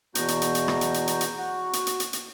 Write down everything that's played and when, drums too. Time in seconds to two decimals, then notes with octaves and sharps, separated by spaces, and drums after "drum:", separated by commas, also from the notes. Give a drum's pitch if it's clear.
0.15 E2 B2 F#4 A#5 G6, drum: hi-hat
0.28 drum: hi-hat
0.42 drum: hi-hat
0.55 drum: hi-hat
0.68 drum: rim click
0.81 drum: hi-hat
0.94 drum: hi-hat
1.07 drum: hi-hat
1.21 drum: hi-hat
1.39 F#4
1.73 drum: hi-hat
1.87 drum: hi-hat
2.00 drum: hi-hat
2.13 drum: hi-hat